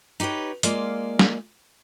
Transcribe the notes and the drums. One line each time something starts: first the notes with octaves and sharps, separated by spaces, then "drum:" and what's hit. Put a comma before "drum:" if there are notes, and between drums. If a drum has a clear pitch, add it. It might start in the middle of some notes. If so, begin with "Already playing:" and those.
D#4 G4 G#4 B4 C#5
G#3 A#3 F4 D5, drum: hi-hat
drum: snare